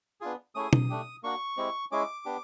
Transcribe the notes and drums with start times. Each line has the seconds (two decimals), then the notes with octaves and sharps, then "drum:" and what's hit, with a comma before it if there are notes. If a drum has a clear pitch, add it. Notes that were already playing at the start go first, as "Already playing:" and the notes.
0.21 B3 D4 F4 G#4
0.55 A3 C#4 E4 G#4 D#6
0.73 drum: tom B2
0.90 A3 D4 G4
1.23 A#3 D4 F#4 C#6
1.57 G#3 C4 E4 G4
1.91 G#3 C#4 E4 G#4 D6
2.25 B3 D4 G4